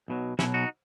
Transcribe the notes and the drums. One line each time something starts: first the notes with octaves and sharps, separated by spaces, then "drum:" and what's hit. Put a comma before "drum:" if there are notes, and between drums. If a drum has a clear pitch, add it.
B1 B2 F#3
B1 B2 F#3 C#4 E4, drum: snare
D#4 F#4